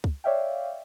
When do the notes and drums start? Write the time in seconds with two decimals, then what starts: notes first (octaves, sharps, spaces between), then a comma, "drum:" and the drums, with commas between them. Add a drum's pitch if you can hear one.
0.04 drum: kick
0.24 C#5 D5 E5 F5 G5